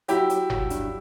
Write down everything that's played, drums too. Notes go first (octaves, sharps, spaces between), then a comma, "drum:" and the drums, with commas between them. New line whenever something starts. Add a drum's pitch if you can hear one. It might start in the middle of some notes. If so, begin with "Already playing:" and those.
F#3 E4 G4, drum: hi-hat
F#3, drum: hi-hat
F#3, drum: tom F#1
G2, drum: hi-hat